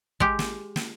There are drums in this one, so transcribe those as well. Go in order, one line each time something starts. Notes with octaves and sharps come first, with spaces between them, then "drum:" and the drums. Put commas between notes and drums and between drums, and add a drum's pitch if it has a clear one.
G#3 G4, drum: kick
drum: snare
drum: snare